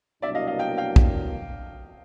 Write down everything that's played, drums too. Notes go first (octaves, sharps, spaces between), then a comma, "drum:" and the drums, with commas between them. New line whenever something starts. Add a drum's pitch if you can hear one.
C2 B2 F#3 A#3 D4 D5 E5
D#5 F5
D#5 F5
F5 G5
F5 G5
drum: kick